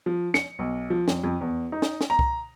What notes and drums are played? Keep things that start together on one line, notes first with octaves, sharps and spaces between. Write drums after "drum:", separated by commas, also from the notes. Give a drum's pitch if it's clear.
F3
C#7, drum: snare
B1
F3
F2, drum: snare
F2
E2
D#4
drum: snare
drum: snare
A#5
drum: kick C2